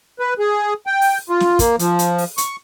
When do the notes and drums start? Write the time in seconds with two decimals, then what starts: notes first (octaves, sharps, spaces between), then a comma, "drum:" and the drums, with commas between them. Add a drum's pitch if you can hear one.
0.19 B4
0.39 G#4
0.87 G5
1.01 drum: open hi-hat
1.30 F4
1.40 drum: snare
1.59 A#3, drum: kick, hi-hat
1.79 F3, drum: hi-hat
1.99 drum: hi-hat
2.18 drum: open hi-hat
2.38 C#6, drum: hi-hat